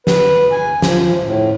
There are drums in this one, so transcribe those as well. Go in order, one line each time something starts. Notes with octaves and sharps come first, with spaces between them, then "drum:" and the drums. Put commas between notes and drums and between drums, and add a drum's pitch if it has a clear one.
B4, drum: snare
G#5
F3, drum: snare
A2